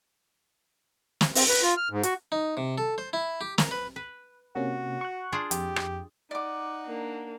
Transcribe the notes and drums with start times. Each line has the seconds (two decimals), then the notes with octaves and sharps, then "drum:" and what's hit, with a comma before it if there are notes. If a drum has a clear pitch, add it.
1.21 drum: snare
1.35 C4, drum: open hi-hat
1.49 B4
1.62 F4
1.77 F6
1.90 G#2
2.03 F#4, drum: hi-hat
2.32 D#4
2.57 C3
2.78 A4
2.98 C5
3.13 E4
3.41 G4
3.58 A#4, drum: snare
3.71 B4
3.96 B4
4.56 C3 A#3 C#4 F#4
5.01 C#6 F#6
5.32 D4 F4 G#4
5.51 F2 G4, drum: hi-hat
5.76 drum: rim click
6.31 D#4 D5 F#5 D6
6.86 A#3 D4